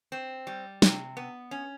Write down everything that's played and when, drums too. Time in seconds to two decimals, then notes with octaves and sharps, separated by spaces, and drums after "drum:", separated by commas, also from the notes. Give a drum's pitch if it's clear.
0.12 C4
0.47 G3
0.82 C3, drum: snare
1.17 B3
1.51 C#4